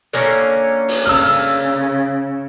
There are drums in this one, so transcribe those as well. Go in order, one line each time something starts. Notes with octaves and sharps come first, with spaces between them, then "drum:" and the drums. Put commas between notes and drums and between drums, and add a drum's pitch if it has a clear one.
D3 A#3 C#4, drum: hi-hat
drum: open hi-hat
C#3 E6 F6